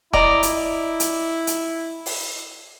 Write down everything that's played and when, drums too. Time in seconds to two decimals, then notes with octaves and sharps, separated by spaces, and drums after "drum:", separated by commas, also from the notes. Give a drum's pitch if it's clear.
0.13 E4 D5 D#5 A#5, drum: kick D#1
0.43 drum: hi-hat
1.00 drum: hi-hat
1.47 drum: hi-hat
2.06 drum: open hi-hat